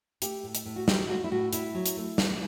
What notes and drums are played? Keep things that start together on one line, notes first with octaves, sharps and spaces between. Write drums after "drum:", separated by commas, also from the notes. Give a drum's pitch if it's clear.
A3 G4, drum: hi-hat
A2
drum: hi-hat
A2
F#4
F#3 G4, drum: snare
A3 F#4
E4
A2 F#4
A2 E4, drum: hi-hat
F#3
drum: hi-hat
A3
A2, drum: snare